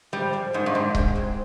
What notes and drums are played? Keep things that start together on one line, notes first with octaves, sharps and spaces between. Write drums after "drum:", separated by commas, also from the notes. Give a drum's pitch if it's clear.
F3 G3 G#3
F3 G#3
G#2 G3 A#3
G2
G#2 G#3 C4
G#3 C4, drum: kick C#1
G#3 C4